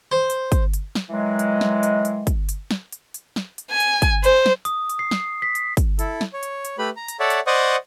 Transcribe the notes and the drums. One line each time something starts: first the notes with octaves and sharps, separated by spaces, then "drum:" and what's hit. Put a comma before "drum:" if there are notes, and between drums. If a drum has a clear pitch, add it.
C5
drum: hi-hat
drum: kick, hi-hat
drum: hi-hat
drum: snare
D#3 E3 F#3 G#3
drum: hi-hat
drum: snare
drum: hi-hat
drum: hi-hat
drum: kick, hi-hat
drum: hi-hat
drum: snare
drum: hi-hat
drum: hi-hat
drum: snare
drum: hi-hat
G#5
drum: hi-hat
drum: kick, hi-hat
C5, drum: hi-hat
drum: snare
D#6, drum: hi-hat
drum: hi-hat
C7
drum: snare
B6
drum: hi-hat
drum: kick, hi-hat
E4 A4, drum: hi-hat
drum: snare
C#5
drum: hi-hat
drum: hi-hat
A3 G4 B4 B5
A#5
drum: hi-hat
A4 C#5 D5 E5 F#5
drum: hi-hat
C5 D5 D#5 F#5 C#6 D#6